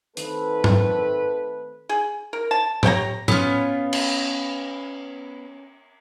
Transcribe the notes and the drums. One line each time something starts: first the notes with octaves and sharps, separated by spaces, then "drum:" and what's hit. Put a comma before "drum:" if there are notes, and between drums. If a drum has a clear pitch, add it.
D#3 A3 C4 A4 B4, drum: hi-hat
drum: tom G#2
G#4
A#4
A5
G4 C#5 G5 A#5, drum: tom A2
B3 C#4 F4, drum: tom A2
drum: cymbal